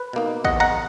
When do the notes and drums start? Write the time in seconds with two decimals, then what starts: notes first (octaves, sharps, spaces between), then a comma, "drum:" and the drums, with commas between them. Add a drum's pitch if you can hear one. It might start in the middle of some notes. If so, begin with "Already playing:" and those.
Already playing: B4
0.13 B2 A#3 D#4
0.44 E2 D#5 F#5, drum: kick
0.60 F#5 A#5